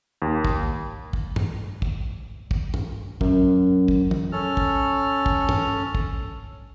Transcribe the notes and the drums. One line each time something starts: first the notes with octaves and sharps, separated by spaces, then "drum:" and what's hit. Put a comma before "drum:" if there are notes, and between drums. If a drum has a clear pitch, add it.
D#2
drum: kick
drum: kick
drum: tom
drum: kick
drum: kick
drum: tom
F#2, drum: kick
drum: kick
drum: tom
C#4 A4 F6
drum: kick
drum: kick
drum: tom
drum: kick